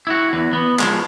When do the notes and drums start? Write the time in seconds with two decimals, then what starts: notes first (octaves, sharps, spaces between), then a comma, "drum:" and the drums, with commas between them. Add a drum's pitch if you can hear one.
0.07 E4 F#4
0.33 E2
0.53 B3
0.79 F3 G#3, drum: clap